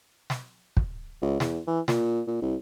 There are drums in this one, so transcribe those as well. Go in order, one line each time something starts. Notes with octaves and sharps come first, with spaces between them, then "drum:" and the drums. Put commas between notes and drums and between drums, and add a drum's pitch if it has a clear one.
drum: snare
drum: kick
C#2
E2, drum: snare
E3
A#2, drum: snare
A#2
C2